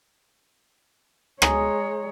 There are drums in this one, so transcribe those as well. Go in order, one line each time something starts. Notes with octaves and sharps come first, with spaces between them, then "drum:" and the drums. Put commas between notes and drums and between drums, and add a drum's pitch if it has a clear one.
G#3 C#5 G#5 A#5 D#6, drum: rim click